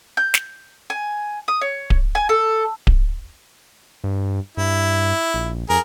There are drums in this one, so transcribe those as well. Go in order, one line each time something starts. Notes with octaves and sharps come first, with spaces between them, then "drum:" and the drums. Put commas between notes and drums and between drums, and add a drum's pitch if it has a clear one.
G6
drum: snare
G#5
D#6
C#5
drum: kick D1
G#5
A4
drum: kick D1
G2
G2 E4
A#1
F2 G#4 A#4